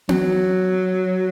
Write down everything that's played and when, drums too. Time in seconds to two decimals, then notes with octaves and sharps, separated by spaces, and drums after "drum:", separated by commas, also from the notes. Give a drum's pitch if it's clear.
0.09 F#3, drum: tom B3